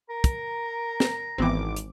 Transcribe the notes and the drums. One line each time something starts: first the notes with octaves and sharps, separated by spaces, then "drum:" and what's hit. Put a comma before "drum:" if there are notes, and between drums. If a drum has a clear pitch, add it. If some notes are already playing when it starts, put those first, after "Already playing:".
A#4 A#5
drum: kick, hi-hat
drum: snare
G#1 E3 B3 C4 D6
drum: hi-hat